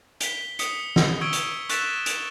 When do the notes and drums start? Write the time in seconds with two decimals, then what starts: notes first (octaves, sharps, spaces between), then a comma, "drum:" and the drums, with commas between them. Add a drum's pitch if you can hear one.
0.21 B6 G7, drum: hi-hat
0.59 D#6 B6 C#7, drum: hi-hat
0.96 drum: snare
1.21 C#6 E6 G#6 D7 G7
1.33 drum: hi-hat
1.69 C#6 E6 F#6 A6 B6 E7, drum: hi-hat
2.06 drum: hi-hat